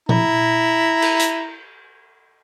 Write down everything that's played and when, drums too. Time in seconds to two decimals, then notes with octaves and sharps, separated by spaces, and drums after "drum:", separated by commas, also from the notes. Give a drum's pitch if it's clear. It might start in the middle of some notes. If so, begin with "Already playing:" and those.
0.09 E4 A#5, drum: tom A#2
1.02 drum: cymbal
1.19 drum: hi-hat